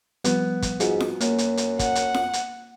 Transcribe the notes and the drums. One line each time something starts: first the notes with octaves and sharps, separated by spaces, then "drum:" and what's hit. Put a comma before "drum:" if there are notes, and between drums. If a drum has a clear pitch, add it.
F3 G3 B3, drum: hi-hat
drum: kick, hi-hat
G#2 F4 F#4, drum: hi-hat
drum: snare F4
F#2 A#3, drum: hi-hat
drum: hi-hat
drum: hi-hat
F#5, drum: kick, hi-hat
drum: hi-hat
drum: snare F4
drum: hi-hat